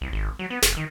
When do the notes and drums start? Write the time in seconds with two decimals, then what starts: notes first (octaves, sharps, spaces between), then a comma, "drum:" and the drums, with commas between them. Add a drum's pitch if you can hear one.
0.01 C2
0.13 G#1
0.39 F#3
0.50 B3
0.62 F1, drum: snare
0.77 D#3